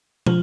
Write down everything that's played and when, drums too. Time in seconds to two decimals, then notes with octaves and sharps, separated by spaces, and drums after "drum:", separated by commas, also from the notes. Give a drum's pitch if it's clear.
0.26 F3, drum: tom